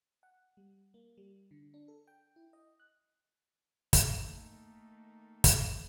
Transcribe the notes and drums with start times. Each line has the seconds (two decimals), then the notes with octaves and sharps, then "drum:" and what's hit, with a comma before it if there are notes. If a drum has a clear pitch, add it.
0.23 F#5
0.57 G3
0.94 A#3
1.18 G3
1.51 D3
1.74 D4
1.88 A4
2.07 G5
2.36 E4
2.53 D#5
2.80 F#6
3.93 drum: kick, hi-hat
4.10 D#3 A3 A#3 D#4 A4
5.44 drum: kick, hi-hat